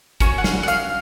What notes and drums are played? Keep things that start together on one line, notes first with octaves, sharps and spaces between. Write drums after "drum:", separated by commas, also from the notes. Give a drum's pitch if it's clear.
C#4 F#4 C#5, drum: kick, hi-hat
F#5
F5, drum: snare
F#5
F5, drum: hi-hat